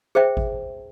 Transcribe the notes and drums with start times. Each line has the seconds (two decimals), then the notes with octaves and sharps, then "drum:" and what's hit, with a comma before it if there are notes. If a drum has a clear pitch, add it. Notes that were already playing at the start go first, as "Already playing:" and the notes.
0.15 G#4 C5 E5 G5
0.37 drum: kick G#1